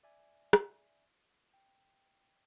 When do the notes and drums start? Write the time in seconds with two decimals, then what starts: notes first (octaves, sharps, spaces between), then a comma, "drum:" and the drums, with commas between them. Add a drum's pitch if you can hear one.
0.03 D5 E5 G#5
0.53 drum: rim click
1.54 G5